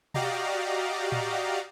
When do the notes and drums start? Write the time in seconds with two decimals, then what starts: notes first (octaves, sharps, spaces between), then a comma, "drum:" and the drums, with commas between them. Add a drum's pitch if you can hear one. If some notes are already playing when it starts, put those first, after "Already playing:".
0.14 F#4 G4 D5 D#5 F5 A#5, drum: tom B2
1.12 drum: tom A2